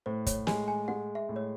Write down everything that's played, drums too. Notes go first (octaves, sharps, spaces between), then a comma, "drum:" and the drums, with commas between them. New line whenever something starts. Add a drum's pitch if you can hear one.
A2 C5
C#5, drum: kick, hi-hat
G#3 G#5, drum: snare
G#5
G#3 F#5
E5
A2
C#5